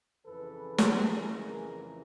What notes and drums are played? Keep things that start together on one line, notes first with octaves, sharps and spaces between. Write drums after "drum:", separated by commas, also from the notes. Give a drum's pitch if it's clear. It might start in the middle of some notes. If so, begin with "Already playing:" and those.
F2 C#3 E3 A4 B4
G#4 A#4, drum: snare